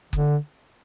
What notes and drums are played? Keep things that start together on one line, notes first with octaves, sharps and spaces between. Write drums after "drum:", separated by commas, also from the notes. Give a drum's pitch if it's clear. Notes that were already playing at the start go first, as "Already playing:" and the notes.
D3, drum: kick F#1